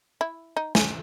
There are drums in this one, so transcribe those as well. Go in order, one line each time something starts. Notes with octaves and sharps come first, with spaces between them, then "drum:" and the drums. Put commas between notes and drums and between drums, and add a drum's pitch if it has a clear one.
E4
D#4
C#4, drum: snare